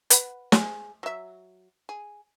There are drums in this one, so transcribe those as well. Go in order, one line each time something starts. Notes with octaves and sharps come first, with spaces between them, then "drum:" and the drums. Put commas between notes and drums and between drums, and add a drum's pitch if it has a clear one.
B4 F#5 B5, drum: hi-hat
G#3 G#5, drum: snare
F#3 E5
G#4